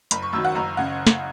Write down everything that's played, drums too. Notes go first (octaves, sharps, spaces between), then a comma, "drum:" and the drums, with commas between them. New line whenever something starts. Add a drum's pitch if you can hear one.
F#1 B5, drum: hi-hat
C#6
F#2 D#3 F#3 E6
F#5
F#1 A#5
C#3 F#5
drum: snare